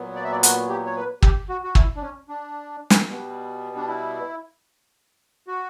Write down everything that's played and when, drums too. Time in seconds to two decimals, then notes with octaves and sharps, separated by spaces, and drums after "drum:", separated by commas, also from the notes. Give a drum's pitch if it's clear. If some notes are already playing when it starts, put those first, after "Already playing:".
Already playing: A#2 F#3 B3
0.16 D5
0.24 E5
0.32 D5
0.43 F#4, drum: hi-hat
0.69 G4
0.86 C#5
0.96 B4
1.22 G4, drum: kick
1.49 F#4
1.64 F#4
1.75 E4, drum: kick
1.96 D4
2.02 C#4
2.29 D4
2.90 drum: snare
3.08 B2 G3 B3
3.77 D4
3.88 E4
5.47 F#4